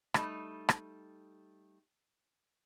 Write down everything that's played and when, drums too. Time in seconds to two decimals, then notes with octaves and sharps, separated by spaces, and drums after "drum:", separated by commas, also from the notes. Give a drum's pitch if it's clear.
0.14 G3 A3 D#4, drum: rim click
0.69 drum: rim click